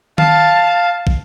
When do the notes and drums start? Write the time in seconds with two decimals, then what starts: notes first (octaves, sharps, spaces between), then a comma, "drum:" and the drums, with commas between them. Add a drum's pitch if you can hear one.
0.18 F5 A5, drum: tom D#3
1.07 drum: kick